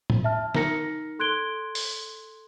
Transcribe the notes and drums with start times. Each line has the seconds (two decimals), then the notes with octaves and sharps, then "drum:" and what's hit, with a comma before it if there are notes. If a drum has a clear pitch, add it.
0.10 drum: tom A2
0.24 E5 A5 F6
0.55 D#4 A#4 A#5 F6 A#6 C#7, drum: snare
1.19 A4 C6 F#6 G#6 D7 G7
1.75 drum: open hi-hat